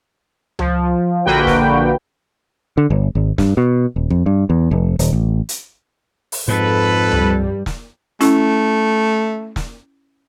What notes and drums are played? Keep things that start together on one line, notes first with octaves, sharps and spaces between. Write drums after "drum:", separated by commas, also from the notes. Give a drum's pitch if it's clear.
F3, drum: tom C#2
A#1 D3 A#3 F#4 B4 G5
drum: snare
D3
G1
G#1
G2, drum: snare
B2
D#1
F2, drum: kick
G2
E2
F1
D#1, drum: hi-hat
A1
drum: hi-hat
drum: open hi-hat
F2 G#2 A4 B4
G2 G3, drum: tom C#2
drum: snare
A3 C#4 E4, drum: hi-hat
drum: snare